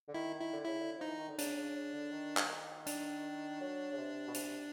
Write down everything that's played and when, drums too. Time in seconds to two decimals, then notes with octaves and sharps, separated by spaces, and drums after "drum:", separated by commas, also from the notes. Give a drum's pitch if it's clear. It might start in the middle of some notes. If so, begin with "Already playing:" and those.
0.08 D3
0.14 D#3 E4
0.40 D#3 E4
0.53 D3
0.64 C#3 E4
0.81 D3
0.98 F3 D#4
1.08 E3
1.18 D#3
1.29 D3
1.38 C#3 D4, drum: hi-hat
1.56 C#3
1.75 C#3
1.93 D3
2.12 D#3
2.37 drum: clap
2.86 D4, drum: hi-hat
3.61 F#3
3.92 C#3
3.97 C3
4.28 B2
4.34 C3, drum: hi-hat